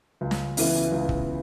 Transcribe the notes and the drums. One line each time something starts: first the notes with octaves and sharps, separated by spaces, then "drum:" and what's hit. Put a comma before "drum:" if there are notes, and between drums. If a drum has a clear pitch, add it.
C#2
drum: snare
C#3 E3 B3 E4, drum: open hi-hat
C#2
drum: kick